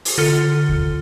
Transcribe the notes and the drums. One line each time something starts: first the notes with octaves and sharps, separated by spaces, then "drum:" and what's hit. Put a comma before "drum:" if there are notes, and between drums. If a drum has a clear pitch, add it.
drum: open hi-hat
D3 F4 A4 F6 C#7 G7
drum: kick D2